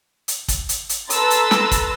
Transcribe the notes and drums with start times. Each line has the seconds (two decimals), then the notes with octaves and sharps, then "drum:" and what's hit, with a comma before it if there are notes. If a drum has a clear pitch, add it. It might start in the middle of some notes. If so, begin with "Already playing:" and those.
0.28 drum: hi-hat
0.48 drum: kick, hi-hat
0.69 drum: hi-hat
0.89 drum: hi-hat
1.10 A4 B4 A#5 C6 E6 A6, drum: hi-hat
1.30 drum: hi-hat
1.51 drum: snare
1.71 drum: kick, hi-hat